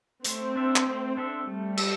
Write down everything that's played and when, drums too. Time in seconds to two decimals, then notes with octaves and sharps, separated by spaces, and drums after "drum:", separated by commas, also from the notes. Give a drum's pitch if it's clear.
0.24 A3 C4, drum: hi-hat
0.56 D4 A4 E5
0.76 drum: clap
0.85 A3
1.17 D4 A4 E5
1.47 G3 A3
1.77 A4 E5, drum: cymbal